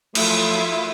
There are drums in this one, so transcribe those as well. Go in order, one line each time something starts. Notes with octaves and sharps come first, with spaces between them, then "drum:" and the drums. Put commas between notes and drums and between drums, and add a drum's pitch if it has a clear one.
F3 F#3 A3 E4 F4, drum: cymbal